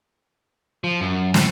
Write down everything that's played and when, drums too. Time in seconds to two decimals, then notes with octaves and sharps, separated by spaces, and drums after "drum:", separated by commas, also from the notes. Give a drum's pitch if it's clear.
0.84 F3
1.01 F#2
1.34 A2, drum: snare